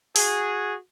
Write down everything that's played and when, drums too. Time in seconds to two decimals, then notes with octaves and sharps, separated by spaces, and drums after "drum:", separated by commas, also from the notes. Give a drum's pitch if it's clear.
0.16 F#4 G#4, drum: open hi-hat